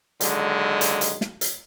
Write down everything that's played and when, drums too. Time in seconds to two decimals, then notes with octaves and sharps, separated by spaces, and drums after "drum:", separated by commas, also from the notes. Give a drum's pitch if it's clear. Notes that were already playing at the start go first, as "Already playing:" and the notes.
0.21 D#2 D3 F#3 G#3, drum: hi-hat
0.81 drum: hi-hat
1.01 drum: hi-hat
1.21 drum: snare
1.41 drum: hi-hat